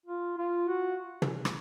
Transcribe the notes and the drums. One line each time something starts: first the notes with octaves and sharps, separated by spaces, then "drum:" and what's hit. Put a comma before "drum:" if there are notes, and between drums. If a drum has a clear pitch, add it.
F4
F4
F#4
drum: tom
drum: rim click